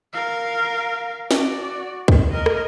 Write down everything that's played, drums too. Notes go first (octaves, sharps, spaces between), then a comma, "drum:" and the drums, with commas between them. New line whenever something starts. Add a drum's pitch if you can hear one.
A#4 F5
F#4 D5, drum: snare
drum: kick C#2
A#4 D#5
drum: rim click